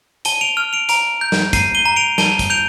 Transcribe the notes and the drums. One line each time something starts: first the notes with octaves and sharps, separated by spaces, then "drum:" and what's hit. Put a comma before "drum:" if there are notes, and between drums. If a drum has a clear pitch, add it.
A5 D#7 G7, drum: hi-hat
D7 F7
F6
D7 F7
A#5 D7 F7, drum: hi-hat
G6
drum: snare
A#5 C7 D#7, drum: kick, hi-hat
D#7 G7
A#5
D7 F7
A5 D#7 G7, drum: snare
drum: kick, hi-hat
G6 D7 F7